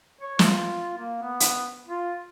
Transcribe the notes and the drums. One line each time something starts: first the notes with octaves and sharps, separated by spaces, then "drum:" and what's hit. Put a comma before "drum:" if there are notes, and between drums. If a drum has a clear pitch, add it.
C#5
F4, drum: snare
A#3
B3
drum: hi-hat
F4